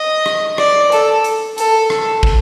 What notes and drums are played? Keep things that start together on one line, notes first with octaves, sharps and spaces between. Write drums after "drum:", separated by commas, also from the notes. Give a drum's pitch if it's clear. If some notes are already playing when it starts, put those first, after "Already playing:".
Already playing: D#5
drum: rim click
D5, drum: rim click
A4, drum: hi-hat
drum: hi-hat
A4, drum: hi-hat
drum: rim click
drum: kick